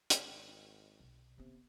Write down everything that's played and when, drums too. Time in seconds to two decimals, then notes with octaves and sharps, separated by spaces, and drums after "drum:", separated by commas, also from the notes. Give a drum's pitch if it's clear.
0.10 G#1, drum: hi-hat
1.00 B1
1.38 C3 A#3 B3